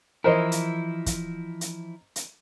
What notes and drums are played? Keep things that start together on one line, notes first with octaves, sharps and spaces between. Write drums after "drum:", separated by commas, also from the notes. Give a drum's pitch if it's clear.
E3 F3 E4 A#4 C5 D#5
drum: hi-hat
drum: kick, hi-hat
drum: hi-hat
drum: hi-hat